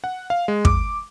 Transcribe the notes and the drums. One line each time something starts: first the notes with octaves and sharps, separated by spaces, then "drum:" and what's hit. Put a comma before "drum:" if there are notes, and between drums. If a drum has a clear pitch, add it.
F#5
F5
G#3
D6, drum: kick